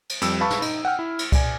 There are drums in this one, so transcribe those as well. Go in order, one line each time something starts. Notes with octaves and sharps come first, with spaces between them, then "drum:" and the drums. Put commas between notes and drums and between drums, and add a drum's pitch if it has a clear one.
drum: cymbal
F2 G3 E6, drum: cymbal
B4 F5 A5 B5 C#6
drum: snare
D#4, drum: cymbal
F#5 G5 F6
E4
drum: cymbal
D5 G#5, drum: kick C2, cymbal